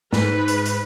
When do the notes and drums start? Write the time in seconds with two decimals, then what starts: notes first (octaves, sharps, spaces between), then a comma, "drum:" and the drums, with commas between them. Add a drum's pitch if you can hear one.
0.13 G#2 B4, drum: snare
0.48 drum: hi-hat
0.66 drum: hi-hat